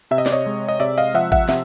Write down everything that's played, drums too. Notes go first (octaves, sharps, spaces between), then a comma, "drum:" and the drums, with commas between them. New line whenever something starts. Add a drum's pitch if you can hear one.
C3 E5
D#5
D5, drum: snare
C#5 D#5
G#3
D#5
C3 D5 E5
D#5 F5
F3 E5 F#5
E5 F#5, drum: kick G#1
C3 E5, drum: snare